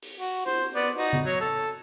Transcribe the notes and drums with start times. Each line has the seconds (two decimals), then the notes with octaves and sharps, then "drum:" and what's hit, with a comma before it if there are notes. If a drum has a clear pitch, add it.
0.02 drum: open hi-hat
0.18 F#4
0.46 C5, drum: cymbal
0.75 B3 D5
0.97 D#4 F#4
1.13 drum: tom C#3
1.24 F#3 C#5
1.41 A4